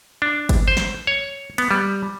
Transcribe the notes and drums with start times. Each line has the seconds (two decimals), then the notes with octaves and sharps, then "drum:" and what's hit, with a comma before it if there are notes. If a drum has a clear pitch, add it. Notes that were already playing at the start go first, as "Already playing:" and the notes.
0.22 D4
0.49 drum: kick G1, cymbal
0.68 C5
0.77 drum: snare
1.07 C#5
1.58 B3, drum: cymbal
1.71 G3